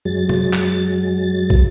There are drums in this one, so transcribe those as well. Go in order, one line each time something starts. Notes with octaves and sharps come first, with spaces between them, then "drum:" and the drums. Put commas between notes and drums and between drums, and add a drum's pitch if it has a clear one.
F#2 F#3 G#3 A6
drum: tom
drum: clap
drum: kick